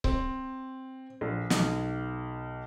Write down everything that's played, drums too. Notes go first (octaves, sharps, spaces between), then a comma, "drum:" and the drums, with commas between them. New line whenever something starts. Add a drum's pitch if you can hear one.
C4, drum: kick C#1
A#1
B1, drum: snare